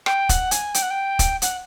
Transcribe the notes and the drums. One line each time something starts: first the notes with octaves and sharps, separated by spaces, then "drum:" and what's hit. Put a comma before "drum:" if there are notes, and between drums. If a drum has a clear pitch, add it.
G5, drum: rim click
F#5, drum: kick, hi-hat
G#5, drum: hi-hat
G5, drum: hi-hat
F#5
G5
drum: kick, hi-hat
F#5, drum: hi-hat